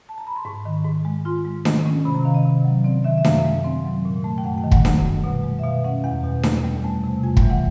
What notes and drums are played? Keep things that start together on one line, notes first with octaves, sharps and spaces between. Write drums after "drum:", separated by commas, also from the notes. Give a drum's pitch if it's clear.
A5
A#5
B5
C6
G#2 C#6
D#3
G#2
G#3
F4 C6
G#3
D#3, drum: snare D4
C#4
C3 B5
A#5
D#3 F5
D#5
C3
F#3
C4 D5
D#3 E5
E5
F#2 F5, drum: snare D4
G#3
C4
F#3
A#2
A3
G5
F#2 F#5
G5
D#3
F#5, drum: kick
F#2 F#5, drum: snare D4
G3
B2 F#5
G#3
E5
B2 F5
C#4 F#5
E2 F#5
B2
E2, drum: snare D4
G3
A3 G#5
C3
F2 G#5
G5, drum: kick
E3
F#5